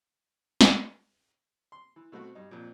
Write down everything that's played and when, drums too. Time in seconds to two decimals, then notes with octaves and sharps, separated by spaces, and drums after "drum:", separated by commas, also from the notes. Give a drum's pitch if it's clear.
0.61 drum: snare
1.72 C6
1.96 E3
2.12 B2 A3 C4 F#4
2.35 G2 D#4
2.51 F2 A#2